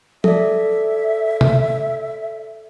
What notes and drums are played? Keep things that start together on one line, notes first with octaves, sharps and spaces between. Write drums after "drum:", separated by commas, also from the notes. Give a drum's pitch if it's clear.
A4 D5 E5, drum: tom F3
drum: tom C3